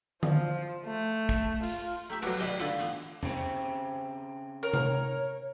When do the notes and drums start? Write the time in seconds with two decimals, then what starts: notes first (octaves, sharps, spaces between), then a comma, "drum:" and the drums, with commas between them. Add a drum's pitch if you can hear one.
0.23 F3, drum: tom D3
0.86 A3
1.29 drum: kick
1.63 F4, drum: open hi-hat
2.10 A3 G4 E5 A#5
2.22 F#3 A3 F#4 B4, drum: cymbal
2.40 A#2 D#3 G4 B4 D5 D#5 F5
2.60 D3 F4 A4 B4 F5
2.78 E3 A3 B3
3.23 C#3 C4, drum: tom E2
4.63 A#4 C#5
4.73 drum: tom C3